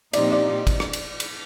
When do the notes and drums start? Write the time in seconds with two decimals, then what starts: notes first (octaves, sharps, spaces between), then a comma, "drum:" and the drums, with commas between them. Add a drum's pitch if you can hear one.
0.13 A#2 F3 C4 D#4 G4 D5, drum: cymbal
0.32 D5
0.67 drum: kick, cymbal
0.80 drum: rim click
0.93 drum: cymbal
1.20 drum: cymbal